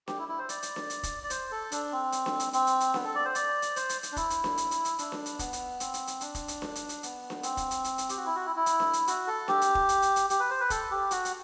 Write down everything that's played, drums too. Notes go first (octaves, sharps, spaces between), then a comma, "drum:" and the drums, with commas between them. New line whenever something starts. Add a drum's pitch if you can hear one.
G4, drum: snare D4
E4
E4
C5
D5, drum: hi-hat
drum: hi-hat
drum: snare D4
drum: hi-hat
drum: kick, hi-hat
D5
C5, drum: hi-hat
A4
D4, drum: hi-hat
C4
drum: hi-hat
drum: snare D4
drum: hi-hat
C4, drum: hi-hat
drum: hi-hat
drum: hi-hat
B3, drum: snare D4
A4
D5
C5
D5, drum: hi-hat
drum: hi-hat
C5, drum: hi-hat
drum: hi-hat
drum: hi-hat
D4
E4, drum: kick, hi-hat
drum: hi-hat
drum: snare D4
drum: hi-hat
drum: hi-hat
drum: hi-hat
D4, drum: hi-hat
drum: snare D4
drum: hi-hat
B3, drum: kick, hi-hat
drum: hi-hat
C4, drum: hi-hat
drum: hi-hat
drum: hi-hat
D4, drum: hi-hat
drum: kick, hi-hat
drum: hi-hat
drum: snare D4
drum: hi-hat
drum: hi-hat
B3, drum: hi-hat
drum: snare D4
C4, drum: hi-hat
drum: kick, hi-hat
drum: hi-hat
drum: hi-hat
drum: hi-hat
G4, drum: hi-hat
F#4
E4
F#4
E4
E4
drum: hi-hat
drum: snare D4
drum: hi-hat
F#4, drum: hi-hat
A4
G4, drum: snare D4
drum: hi-hat
drum: kick
drum: hi-hat
drum: hi-hat
drum: hi-hat
G4, drum: hi-hat
B4
C5
B4
A4, drum: kick, hi-hat
G4
F#4, drum: hi-hat
drum: hi-hat